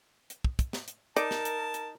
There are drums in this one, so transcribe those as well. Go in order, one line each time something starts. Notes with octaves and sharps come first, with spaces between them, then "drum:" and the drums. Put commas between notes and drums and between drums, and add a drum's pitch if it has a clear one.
drum: hi-hat
drum: kick
drum: kick, hi-hat
drum: snare
drum: hi-hat
D#4 A#4 D5 A5, drum: hi-hat
drum: snare
drum: hi-hat
drum: hi-hat